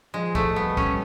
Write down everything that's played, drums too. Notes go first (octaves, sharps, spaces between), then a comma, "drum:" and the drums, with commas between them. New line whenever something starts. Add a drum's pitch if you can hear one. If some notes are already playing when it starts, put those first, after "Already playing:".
F3 G#3
A3, drum: kick
G3 B3
C#4, drum: kick